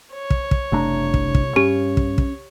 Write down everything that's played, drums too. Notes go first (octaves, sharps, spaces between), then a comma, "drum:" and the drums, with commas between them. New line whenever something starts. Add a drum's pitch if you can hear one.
C#5
drum: kick
drum: kick
F#1 C2 A3 D4 A#5
drum: kick
drum: kick
G2 C#4 G4
drum: kick
drum: kick